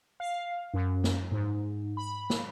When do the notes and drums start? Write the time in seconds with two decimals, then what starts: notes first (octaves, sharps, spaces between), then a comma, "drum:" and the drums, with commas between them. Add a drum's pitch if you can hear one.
0.20 F5
0.74 F#2
1.04 drum: snare
1.31 G#2
1.97 B5
2.30 drum: snare